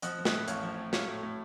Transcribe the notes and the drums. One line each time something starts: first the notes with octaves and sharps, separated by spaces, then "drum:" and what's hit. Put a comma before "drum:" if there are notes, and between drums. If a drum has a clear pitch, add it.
F3 D#5 F#5, drum: hi-hat
F3
D#5 F#5, drum: snare
A2
A1 C#5 F5, drum: hi-hat
F3
A2
F#3 C#5 F5, drum: snare
A2
A2